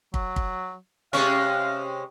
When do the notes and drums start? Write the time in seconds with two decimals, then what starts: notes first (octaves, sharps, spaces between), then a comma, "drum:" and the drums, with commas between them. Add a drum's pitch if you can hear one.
0.14 F#3, drum: kick
0.36 drum: kick
1.13 C3 G#3 C#4 C#5 F5 C#6